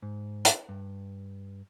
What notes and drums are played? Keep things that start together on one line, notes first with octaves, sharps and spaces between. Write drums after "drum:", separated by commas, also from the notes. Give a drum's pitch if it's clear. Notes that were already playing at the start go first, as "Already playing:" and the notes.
G#2
drum: hi-hat
G2